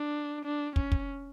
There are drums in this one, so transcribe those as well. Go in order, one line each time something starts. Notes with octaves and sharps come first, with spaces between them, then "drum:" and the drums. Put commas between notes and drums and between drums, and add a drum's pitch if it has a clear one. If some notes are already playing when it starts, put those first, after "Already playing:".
Already playing: D4
D4
C#4, drum: kick
drum: kick